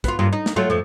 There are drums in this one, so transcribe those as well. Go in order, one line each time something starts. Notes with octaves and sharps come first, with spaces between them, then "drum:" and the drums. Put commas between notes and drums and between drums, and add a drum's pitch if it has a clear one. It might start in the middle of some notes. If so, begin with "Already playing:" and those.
B3 F4, drum: kick, hi-hat
G2 A#3 F4
D#4
drum: snare
F#3 A3 F4
F2 F3